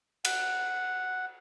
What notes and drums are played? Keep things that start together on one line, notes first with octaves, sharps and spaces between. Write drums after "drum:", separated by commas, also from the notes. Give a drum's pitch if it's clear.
F#5, drum: cymbal